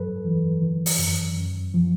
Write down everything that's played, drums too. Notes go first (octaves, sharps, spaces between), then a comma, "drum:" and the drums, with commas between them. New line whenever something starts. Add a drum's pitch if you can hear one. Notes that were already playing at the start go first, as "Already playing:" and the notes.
Already playing: G2 F#3 A4 B4
E3
D#3
drum: open hi-hat
F#2
F#2
F3